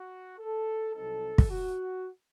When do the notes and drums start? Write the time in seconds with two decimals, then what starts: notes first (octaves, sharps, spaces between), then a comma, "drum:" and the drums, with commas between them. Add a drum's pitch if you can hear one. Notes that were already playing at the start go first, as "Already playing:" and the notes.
Already playing: F#4
0.39 A4
0.95 C2 C3 F#3 C4 D#4 A4
1.38 drum: kick
1.50 F#4